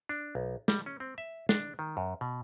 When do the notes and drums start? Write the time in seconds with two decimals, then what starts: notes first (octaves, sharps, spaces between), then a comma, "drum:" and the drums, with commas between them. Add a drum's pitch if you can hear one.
0.09 D4
0.35 B1
0.68 G3, drum: snare
0.86 C#4
1.00 C4
1.18 E5
1.49 D4, drum: snare
1.79 D#3
1.97 F#2
2.21 B2